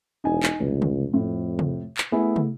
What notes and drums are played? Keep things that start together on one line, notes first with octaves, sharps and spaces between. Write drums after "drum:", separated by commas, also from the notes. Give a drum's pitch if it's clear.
E1 D#4 G#5
drum: clap
F1 C#2
drum: tom
F2 A2
drum: tom
drum: clap
A3 B3 E4 G#4
drum: tom